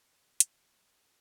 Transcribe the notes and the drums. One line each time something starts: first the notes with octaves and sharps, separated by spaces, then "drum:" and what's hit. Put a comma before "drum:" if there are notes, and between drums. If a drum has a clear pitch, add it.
A#4
C#4
A#2 F3 B4, drum: hi-hat
F#3 A#3
G#4 C#5 D#5 F#5